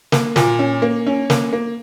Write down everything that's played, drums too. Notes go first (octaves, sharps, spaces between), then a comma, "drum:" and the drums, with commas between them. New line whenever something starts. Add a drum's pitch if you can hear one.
A#3, drum: snare
A#2, drum: snare
C#4
A#3
C#4
A#3, drum: snare
A#3